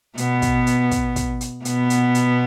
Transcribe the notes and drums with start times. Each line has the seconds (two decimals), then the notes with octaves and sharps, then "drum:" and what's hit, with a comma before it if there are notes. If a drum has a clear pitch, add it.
0.18 B2 B3, drum: hi-hat
0.42 drum: kick, hi-hat
0.67 drum: hi-hat
0.91 drum: kick, hi-hat
1.16 drum: kick, hi-hat
1.41 drum: hi-hat
1.65 B2 B3, drum: hi-hat
1.90 drum: hi-hat
2.15 drum: hi-hat